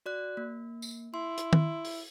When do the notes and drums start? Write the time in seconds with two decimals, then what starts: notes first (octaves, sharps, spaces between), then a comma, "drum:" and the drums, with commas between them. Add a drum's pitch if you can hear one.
0.06 F#4 D5 F#6
0.37 A#3
0.82 drum: tambourine
1.14 E4 C6
1.38 drum: hi-hat
1.53 drum: tom
1.85 drum: open hi-hat